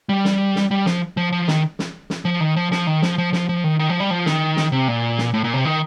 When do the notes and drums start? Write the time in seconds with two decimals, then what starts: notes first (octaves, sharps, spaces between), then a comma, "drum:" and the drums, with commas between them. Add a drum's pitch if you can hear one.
0.09 G3
0.25 drum: snare
0.56 drum: snare
0.71 G3
0.86 F3, drum: snare
1.17 F3
1.32 F3
1.48 D#3, drum: snare
1.79 drum: snare
2.10 drum: snare
2.25 F3
2.41 D#3
2.56 F3
2.72 F3, drum: snare
2.87 D#3
3.02 F3, drum: snare
3.18 F3
3.33 F3, drum: snare
3.49 F3
3.64 D#3
3.79 D#3
3.90 F3
4.00 G3
4.11 F3
4.26 D#3, drum: snare
4.57 drum: snare
4.72 C3
4.88 A#2
5.18 drum: snare
5.34 A2
5.44 A#2
5.54 C3
5.65 D#3